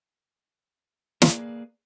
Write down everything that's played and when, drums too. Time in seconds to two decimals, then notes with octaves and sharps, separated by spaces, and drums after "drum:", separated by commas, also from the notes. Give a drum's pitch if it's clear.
1.22 A#3 G#4 B4 D5, drum: snare